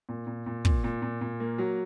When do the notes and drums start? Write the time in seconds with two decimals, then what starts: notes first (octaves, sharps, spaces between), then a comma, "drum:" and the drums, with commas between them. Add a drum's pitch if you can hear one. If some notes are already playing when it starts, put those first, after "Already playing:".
0.09 A#2
0.27 A#2
0.46 A#2
0.65 A#2, drum: kick
0.84 A#2
1.02 A#2
1.21 A#2
1.40 A#3
1.58 F#3